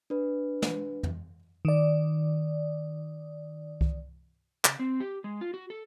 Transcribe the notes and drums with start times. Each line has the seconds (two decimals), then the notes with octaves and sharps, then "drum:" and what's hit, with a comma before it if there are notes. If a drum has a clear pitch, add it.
0.10 D4 B4
0.62 drum: snare
1.03 drum: tom F2
1.65 D#3 D5
3.81 drum: kick C2
4.65 C#3, drum: clap
4.79 C4
5.00 G4
5.24 G#3
5.41 F4
5.54 F#4
5.70 A4